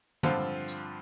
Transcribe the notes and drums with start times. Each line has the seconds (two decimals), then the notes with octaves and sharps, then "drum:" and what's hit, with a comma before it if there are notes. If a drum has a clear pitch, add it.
0.23 G2 D3 F3 C4 F4, drum: tom
0.68 drum: tambourine